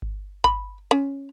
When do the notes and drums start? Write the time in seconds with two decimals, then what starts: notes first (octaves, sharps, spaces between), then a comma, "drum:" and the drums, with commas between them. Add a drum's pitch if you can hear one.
0.02 drum: kick G1
0.44 B5, drum: kick G1
0.91 C#4